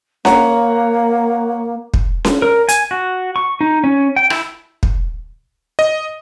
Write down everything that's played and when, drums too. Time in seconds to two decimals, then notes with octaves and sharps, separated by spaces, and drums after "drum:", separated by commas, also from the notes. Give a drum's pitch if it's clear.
0.25 A#3 C#5 F#5 A#5, drum: snare C#4
1.94 drum: kick
2.25 drum: snare C#4
2.42 A#4
2.69 G#5, drum: hi-hat
2.91 F#4
3.36 C#6
3.61 D#4
3.84 C#4
4.16 G5
4.30 E4, drum: rim click
4.83 drum: kick
5.79 D#5